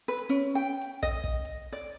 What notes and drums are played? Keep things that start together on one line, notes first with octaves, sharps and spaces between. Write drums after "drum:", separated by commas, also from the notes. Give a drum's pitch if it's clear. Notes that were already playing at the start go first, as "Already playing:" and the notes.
B4
drum: hi-hat
C#4
drum: hi-hat
G5
drum: hi-hat
D#5, drum: kick, hi-hat
drum: kick, hi-hat
drum: hi-hat
D5